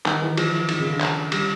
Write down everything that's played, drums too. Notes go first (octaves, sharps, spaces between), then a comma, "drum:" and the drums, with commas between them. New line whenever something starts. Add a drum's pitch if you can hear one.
D#3, drum: clap
E3
F3, drum: cymbal
E3
D#3, drum: cymbal
C#3
D3
drum: clap
G3, drum: cymbal